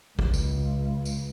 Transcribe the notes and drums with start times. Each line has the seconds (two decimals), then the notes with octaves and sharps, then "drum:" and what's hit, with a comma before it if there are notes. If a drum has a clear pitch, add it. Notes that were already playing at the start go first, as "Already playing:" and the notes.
0.19 C#2, drum: kick
0.34 drum: tambourine
1.05 drum: tambourine